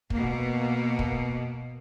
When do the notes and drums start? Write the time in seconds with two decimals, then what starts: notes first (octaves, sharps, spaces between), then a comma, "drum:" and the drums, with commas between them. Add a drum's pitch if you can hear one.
0.10 B2 A#3, drum: kick
0.99 drum: kick